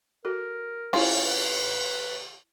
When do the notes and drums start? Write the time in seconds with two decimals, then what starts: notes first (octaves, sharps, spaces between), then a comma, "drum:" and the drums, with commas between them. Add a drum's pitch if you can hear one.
0.25 F#4 A4 A#4
0.93 C#4 E4 F4 C5, drum: cymbal
1.24 B4